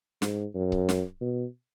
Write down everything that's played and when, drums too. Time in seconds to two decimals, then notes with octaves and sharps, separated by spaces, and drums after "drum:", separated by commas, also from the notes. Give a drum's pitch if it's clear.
0.22 G#2, drum: snare
0.55 F#2
0.72 drum: kick C#1
0.89 drum: snare
1.21 B2